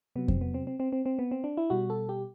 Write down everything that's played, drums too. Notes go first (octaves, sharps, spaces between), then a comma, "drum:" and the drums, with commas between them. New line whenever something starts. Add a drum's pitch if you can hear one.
C3 F#3 B3
C4, drum: kick F2
B3
C4
C4
C4
C4
C4
B3
C4
D4
E4
B2 G3 F#4
A4
G4